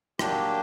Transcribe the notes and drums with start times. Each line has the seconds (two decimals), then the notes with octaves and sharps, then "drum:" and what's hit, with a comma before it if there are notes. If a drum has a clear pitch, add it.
0.19 F#3 A#3 D4 G4, drum: rim click